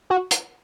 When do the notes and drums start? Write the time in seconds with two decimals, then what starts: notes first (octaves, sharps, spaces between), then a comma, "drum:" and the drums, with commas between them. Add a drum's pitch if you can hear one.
0.10 F#4
0.31 drum: hi-hat